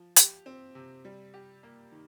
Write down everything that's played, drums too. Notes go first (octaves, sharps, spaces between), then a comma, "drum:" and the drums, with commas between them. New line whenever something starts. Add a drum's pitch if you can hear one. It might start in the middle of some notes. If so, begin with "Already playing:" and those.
Already playing: F3
G4, drum: hi-hat
C4
C3
G3
G4
A#3
D#3